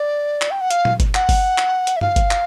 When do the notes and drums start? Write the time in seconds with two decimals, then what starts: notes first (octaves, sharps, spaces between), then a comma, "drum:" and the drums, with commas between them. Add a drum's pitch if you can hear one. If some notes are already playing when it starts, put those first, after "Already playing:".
Already playing: D5
0.41 drum: clap
0.51 G5
0.61 F#5
0.71 F5, drum: hi-hat
0.85 drum: tom A#2
1.00 drum: kick G1, hi-hat
1.15 F#5, drum: clap
1.29 drum: kick G1, open hi-hat
1.58 drum: clap
1.87 drum: hi-hat
1.97 E5
2.01 F5, drum: tom G2
2.16 drum: kick G1, hi-hat
2.31 drum: clap